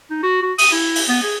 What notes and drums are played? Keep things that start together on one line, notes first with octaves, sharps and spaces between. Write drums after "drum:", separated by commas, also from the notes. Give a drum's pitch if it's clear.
D#4
F#4
F#4
D#6, drum: open hi-hat
E4
drum: open hi-hat
B3
G#4